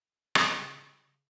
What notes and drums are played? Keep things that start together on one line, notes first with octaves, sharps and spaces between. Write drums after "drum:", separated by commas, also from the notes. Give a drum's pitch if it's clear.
C#3, drum: rim click